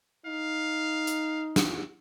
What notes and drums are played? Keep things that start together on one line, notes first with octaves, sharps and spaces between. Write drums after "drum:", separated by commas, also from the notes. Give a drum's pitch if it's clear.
D#4 F5
drum: hi-hat
drum: snare